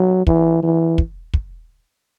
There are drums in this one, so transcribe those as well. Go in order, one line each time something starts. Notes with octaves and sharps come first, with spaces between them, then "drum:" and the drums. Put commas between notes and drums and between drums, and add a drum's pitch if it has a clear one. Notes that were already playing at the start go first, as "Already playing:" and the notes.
Already playing: F#3
E3, drum: kick
E3
drum: kick
drum: kick